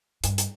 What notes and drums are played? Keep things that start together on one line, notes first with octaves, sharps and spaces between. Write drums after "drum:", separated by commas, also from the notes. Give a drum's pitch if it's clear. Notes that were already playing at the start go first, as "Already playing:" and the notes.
G2, drum: hi-hat
drum: hi-hat